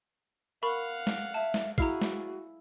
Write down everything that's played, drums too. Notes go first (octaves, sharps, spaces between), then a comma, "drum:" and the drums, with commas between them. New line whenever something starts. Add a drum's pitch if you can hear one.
A#4 F5 F#5 B5 C#6
drum: snare
E5 A5
drum: snare
E4 F#4 G#4 F5 A#5 C7, drum: kick
drum: snare